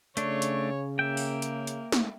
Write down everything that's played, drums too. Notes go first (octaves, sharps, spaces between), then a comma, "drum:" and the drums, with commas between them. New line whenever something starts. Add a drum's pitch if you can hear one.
C#3 A3 D4 C#5, drum: hi-hat
drum: hi-hat
A#3 E5 G5
drum: open hi-hat
drum: hi-hat
drum: hi-hat
drum: snare